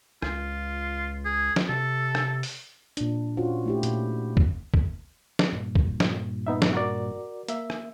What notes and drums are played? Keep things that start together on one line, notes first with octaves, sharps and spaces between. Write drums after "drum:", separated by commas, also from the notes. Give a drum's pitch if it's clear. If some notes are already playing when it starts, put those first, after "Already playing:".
C#2 F4, drum: rim click
G#4
drum: snare
C3 A4
drum: rim click
drum: open hi-hat
A#2 D4, drum: hi-hat
C#4 F4 F#4 C5
A3 E4 G4
A#2, drum: hi-hat
drum: kick
drum: kick
drum: snare
G2 A#2
drum: kick
drum: snare
B3 D#4 E5
drum: snare
F#4 A#4 D5
A#3 E5, drum: hi-hat
drum: rim click